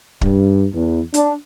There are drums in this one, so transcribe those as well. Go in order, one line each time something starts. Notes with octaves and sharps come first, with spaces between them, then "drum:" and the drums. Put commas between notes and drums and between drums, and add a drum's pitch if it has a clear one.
G2, drum: kick
E2
D4, drum: hi-hat